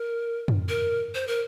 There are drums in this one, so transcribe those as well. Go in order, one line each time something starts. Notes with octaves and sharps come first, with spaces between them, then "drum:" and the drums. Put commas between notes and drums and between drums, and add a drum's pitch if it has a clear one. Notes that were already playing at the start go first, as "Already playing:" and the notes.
Already playing: A#4
drum: tom
A#4
C5
A#4